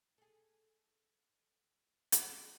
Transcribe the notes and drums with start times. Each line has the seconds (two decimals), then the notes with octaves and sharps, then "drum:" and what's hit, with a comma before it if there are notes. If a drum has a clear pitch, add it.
0.18 G#4 A4
2.12 drum: hi-hat